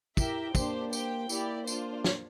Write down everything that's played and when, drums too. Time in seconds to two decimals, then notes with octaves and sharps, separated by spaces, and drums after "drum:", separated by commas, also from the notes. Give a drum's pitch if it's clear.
0.17 E4 G4 A#4 E5 G5, drum: kick, tambourine
0.55 A#3 D4 G4 C5, drum: kick, tambourine
0.93 G4 C5 G5, drum: tambourine
1.29 A#3 E4 G4 D5, drum: tambourine
1.67 D4 F4 C5, drum: tambourine
2.04 drum: snare